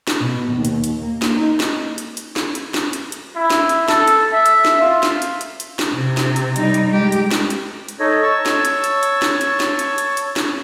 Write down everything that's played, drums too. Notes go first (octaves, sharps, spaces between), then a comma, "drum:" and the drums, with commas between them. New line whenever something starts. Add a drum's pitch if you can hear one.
drum: snare
B2
D#2
drum: hi-hat
drum: hi-hat
A#3
drum: snare
D#4
drum: snare
drum: hi-hat
drum: hi-hat
drum: snare
drum: hi-hat
drum: snare
drum: hi-hat
drum: hi-hat
E4
drum: snare
drum: hi-hat
A4, drum: snare
drum: hi-hat
E5
drum: hi-hat
drum: snare
F4
drum: snare
drum: hi-hat
drum: hi-hat
drum: hi-hat
drum: snare
C3
drum: snare
drum: hi-hat
G3 D#4, drum: hi-hat
drum: hi-hat
G#3 G4
drum: hi-hat
drum: snare
drum: hi-hat
drum: hi-hat
D#4 A4 C#5 D#5
C#5 A5 C#6 E6
drum: snare
drum: hi-hat
drum: hi-hat
drum: hi-hat
drum: snare
drum: hi-hat
drum: snare
drum: hi-hat
drum: hi-hat
drum: hi-hat
drum: snare